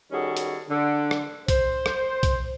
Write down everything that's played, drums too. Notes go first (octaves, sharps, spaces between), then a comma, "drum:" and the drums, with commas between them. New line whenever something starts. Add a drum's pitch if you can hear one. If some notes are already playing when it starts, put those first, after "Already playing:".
D#3 G3 C#4 F#4 G#4 A4
drum: hi-hat
D3
drum: rim click
C5, drum: kick B1, hi-hat
drum: rim click
drum: kick B1, hi-hat